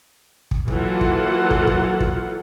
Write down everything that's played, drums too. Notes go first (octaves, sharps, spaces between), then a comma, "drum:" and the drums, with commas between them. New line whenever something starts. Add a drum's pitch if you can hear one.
drum: kick
E3 F#3 A#3 F4 A4 F#5, drum: kick
drum: kick
drum: kick
drum: kick
drum: kick